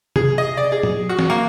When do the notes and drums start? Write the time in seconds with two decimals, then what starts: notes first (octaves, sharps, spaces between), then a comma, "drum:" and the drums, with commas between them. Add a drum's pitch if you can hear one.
0.16 G#4, drum: tom C3
0.38 D#5
0.57 D5
0.72 G#4
0.83 drum: tom
1.09 F#4
1.19 drum: snare
1.30 A#3